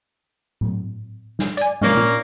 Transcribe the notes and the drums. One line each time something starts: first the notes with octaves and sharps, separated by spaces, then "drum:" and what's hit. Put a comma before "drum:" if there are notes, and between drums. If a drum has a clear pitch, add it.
drum: tom
drum: snare
D5 G#5, drum: hi-hat
G#2 C3 F3 A#3 C#4 D4
A#2